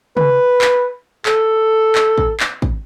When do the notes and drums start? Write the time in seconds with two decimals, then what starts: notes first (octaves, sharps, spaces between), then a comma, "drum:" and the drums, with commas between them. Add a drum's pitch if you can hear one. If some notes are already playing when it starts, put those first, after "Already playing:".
0.17 B4, drum: tom
0.61 drum: clap
1.26 A4, drum: clap
1.95 drum: clap
2.18 drum: kick
2.40 drum: clap
2.62 drum: kick